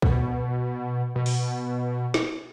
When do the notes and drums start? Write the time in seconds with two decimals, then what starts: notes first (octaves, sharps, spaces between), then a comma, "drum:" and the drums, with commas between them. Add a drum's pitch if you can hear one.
0.02 B2, drum: kick B1
1.16 B2
1.26 drum: open hi-hat
2.14 drum: snare